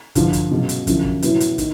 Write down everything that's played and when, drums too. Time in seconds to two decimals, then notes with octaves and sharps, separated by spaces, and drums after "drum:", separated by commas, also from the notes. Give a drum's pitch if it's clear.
0.15 G2 D3 F3, drum: kick, hi-hat
0.33 drum: kick, hi-hat
0.51 C#2 B2 F#3
0.69 drum: hi-hat
0.87 F#2 D3 F3, drum: kick, hi-hat
1.05 drum: kick
1.22 A2 F#3 B3 E4, drum: hi-hat
1.40 drum: hi-hat
1.58 D#3, drum: kick, hi-hat